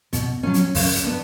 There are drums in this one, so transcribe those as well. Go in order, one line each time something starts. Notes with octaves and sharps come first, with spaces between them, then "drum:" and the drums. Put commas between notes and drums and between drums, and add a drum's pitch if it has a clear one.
B2, drum: kick, hi-hat
F#3 C#4
drum: hi-hat
C#3, drum: kick, open hi-hat
drum: hi-hat
B3 D4